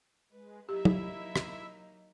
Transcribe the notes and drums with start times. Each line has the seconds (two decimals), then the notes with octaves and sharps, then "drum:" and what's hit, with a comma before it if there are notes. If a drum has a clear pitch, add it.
0.32 G#3 B4
0.69 F#3 A#3 D#4 E4 G4 E5
0.85 drum: tom
1.36 drum: rim click